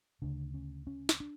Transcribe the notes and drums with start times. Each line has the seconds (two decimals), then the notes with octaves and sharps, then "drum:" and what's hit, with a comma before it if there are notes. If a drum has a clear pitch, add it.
0.22 D2 C#3 D4
0.54 C#4
0.87 C#4
1.09 drum: snare
1.20 D4